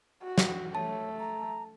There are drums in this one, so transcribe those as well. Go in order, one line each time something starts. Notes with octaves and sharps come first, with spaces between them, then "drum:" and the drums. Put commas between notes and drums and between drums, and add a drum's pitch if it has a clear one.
F#4
drum: snare
A3 C#5 A5
A#5